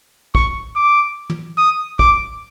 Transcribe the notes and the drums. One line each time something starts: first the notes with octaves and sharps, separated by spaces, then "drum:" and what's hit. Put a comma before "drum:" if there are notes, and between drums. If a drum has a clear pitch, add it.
C#6, drum: kick
D6
drum: tom
D#6
D6, drum: kick